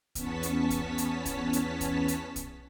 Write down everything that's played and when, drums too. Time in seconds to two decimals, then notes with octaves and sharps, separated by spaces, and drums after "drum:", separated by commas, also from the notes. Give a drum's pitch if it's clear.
0.15 E2 B3 C#4 C#5 A5 B6, drum: kick, hi-hat
0.43 drum: hi-hat
0.70 drum: kick, hi-hat
0.98 drum: hi-hat
1.26 drum: kick, hi-hat
1.53 drum: hi-hat
1.81 drum: kick, hi-hat
2.08 drum: hi-hat
2.36 drum: kick, hi-hat